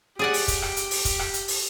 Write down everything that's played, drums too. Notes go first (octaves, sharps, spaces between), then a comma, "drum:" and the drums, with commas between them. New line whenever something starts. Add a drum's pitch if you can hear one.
G4 G#4 D5 F#5
drum: open hi-hat
drum: kick, hi-hat
drum: rim click
drum: hi-hat
drum: open hi-hat
drum: kick, hi-hat
drum: rim click
drum: hi-hat
drum: open hi-hat